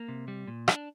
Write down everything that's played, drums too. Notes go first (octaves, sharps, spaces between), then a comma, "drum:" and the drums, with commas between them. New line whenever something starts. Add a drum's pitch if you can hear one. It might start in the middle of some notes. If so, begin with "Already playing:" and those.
Already playing: A#3
C3
G3
A#2
D4, drum: rim click